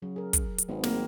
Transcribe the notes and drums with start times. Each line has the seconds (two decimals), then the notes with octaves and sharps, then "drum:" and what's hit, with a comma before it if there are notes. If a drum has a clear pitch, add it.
0.02 C#3 F#3
0.16 G#4 A#4
0.33 drum: kick, hi-hat
0.58 drum: hi-hat
0.69 G#1 B3 C4 G#4
0.83 A#3 C4 F4, drum: snare